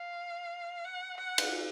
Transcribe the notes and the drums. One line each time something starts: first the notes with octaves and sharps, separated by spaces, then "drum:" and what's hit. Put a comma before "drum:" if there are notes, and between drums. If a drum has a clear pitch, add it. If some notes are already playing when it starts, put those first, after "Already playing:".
Already playing: F5
F#5
F#5
drum: cymbal